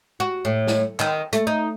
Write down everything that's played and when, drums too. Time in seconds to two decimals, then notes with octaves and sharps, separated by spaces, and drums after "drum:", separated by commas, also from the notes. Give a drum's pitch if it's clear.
0.20 F#4
0.45 A2
0.67 drum: snare
1.00 D#3, drum: clap
1.33 A3, drum: hi-hat
1.47 D#4